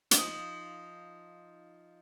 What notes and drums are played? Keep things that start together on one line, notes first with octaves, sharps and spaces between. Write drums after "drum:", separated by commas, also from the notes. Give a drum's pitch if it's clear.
F3 D#4 D#5, drum: hi-hat